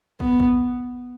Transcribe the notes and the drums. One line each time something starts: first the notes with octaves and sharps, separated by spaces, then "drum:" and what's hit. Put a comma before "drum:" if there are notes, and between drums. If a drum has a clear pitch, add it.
B3, drum: kick
drum: kick